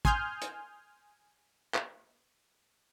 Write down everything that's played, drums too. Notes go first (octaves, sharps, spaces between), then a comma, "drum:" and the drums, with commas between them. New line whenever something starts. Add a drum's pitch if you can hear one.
G#5 C6 D#6 F6 G6, drum: kick
drum: hi-hat
drum: clap